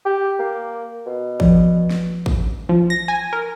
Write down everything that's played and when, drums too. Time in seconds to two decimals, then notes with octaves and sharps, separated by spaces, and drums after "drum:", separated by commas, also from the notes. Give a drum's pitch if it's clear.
0.05 G4
0.39 A#3
1.06 B2
1.40 F3, drum: kick
1.91 drum: snare
2.26 drum: kick
2.69 F3
2.90 A#6
3.08 G#5
3.33 A#4